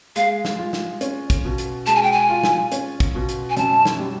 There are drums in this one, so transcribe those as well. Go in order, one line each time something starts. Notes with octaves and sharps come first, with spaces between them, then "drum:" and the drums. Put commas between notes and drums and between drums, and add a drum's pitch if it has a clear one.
G#3 F5, drum: hi-hat
drum: snare
F4
drum: snare
C#4, drum: hi-hat
drum: kick, hi-hat
B2
drum: hi-hat
G#3 A5, drum: hi-hat
G#5
G5
G#5
F4
drum: snare
C#4, drum: hi-hat
drum: kick, hi-hat
B2
drum: hi-hat
G#5
F#2 A5, drum: hi-hat
drum: snare
G3